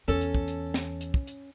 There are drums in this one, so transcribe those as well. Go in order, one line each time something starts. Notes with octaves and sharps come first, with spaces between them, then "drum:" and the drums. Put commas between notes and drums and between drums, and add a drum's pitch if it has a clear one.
E2 C#4 A4
drum: hi-hat
drum: kick
drum: hi-hat
drum: snare
drum: hi-hat
drum: kick
drum: hi-hat